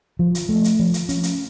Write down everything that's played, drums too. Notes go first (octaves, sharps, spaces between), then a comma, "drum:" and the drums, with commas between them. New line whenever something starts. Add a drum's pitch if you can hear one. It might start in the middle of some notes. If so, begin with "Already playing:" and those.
F3
drum: hi-hat
A3
drum: hi-hat
F3
drum: hi-hat
C#4, drum: hi-hat
drum: hi-hat